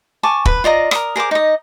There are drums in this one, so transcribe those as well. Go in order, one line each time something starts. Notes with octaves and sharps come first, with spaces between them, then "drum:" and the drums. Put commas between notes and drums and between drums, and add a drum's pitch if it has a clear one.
G#5 A5 C#6 D6
B4 B5, drum: kick
F4 D5 D#5 A#5
A#4 D#6, drum: rim click
G#4 A#4 C5 D6
D#4 D#5